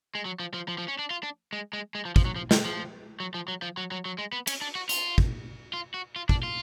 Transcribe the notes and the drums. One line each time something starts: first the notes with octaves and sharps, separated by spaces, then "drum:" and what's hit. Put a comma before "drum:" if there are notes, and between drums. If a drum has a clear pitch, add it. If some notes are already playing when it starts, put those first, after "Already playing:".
G#3
F#3
F3
F3
F3
F3
C#4
D4
F4
D4
G#3
G#3
G#3
F3
F3, drum: kick
F#3
F3
D3, drum: snare
F3
F#3
F3
F#3
F3
F#3
F#3
F#3
G#3
B3
C#4, drum: cymbal
D4
F#4
F4, drum: hi-hat
drum: kick
F4
F#4
F4
D4, drum: kick
F4